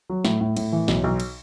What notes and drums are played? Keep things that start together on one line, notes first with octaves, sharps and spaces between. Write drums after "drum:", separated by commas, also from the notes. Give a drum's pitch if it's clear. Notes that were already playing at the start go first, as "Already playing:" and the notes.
F#3
A2, drum: snare
A2
A2, drum: cymbal
E3
B1, drum: snare
B1
drum: cymbal